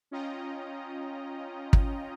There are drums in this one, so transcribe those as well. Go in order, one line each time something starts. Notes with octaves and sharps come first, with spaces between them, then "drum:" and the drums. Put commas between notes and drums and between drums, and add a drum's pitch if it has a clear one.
C#4 F4 D#5 G5 A#5
drum: kick